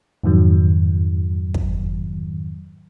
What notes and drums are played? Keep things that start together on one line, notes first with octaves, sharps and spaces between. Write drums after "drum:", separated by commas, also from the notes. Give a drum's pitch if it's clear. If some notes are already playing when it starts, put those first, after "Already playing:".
F2 G#2 D#3 F#3
drum: kick